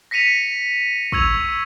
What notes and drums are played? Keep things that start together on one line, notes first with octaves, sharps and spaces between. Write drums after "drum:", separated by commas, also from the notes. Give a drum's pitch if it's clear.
A#6 B6 C#7 D#7 F7
C#6 E6 G#6 F7, drum: kick